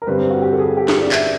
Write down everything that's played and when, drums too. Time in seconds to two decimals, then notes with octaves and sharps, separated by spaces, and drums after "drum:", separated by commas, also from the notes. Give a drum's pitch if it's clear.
0.02 A#4
0.07 G2 D3 G3 C4 B4
0.19 C5
0.30 F#4
0.42 G4
0.53 A4
0.59 G#4
0.77 G4
0.88 G#4, drum: snare
1.00 D5
1.12 E5, drum: clap